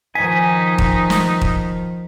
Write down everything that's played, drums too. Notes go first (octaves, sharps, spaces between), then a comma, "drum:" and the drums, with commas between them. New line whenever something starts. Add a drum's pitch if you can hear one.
D#3 F3 D#4 G#5 B6
drum: kick
drum: snare
drum: kick